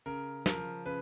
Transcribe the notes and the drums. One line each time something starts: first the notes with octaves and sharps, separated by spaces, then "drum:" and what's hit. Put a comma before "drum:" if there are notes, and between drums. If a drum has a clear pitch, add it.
C#3 A#4
F3 A#4, drum: snare
C#3 B4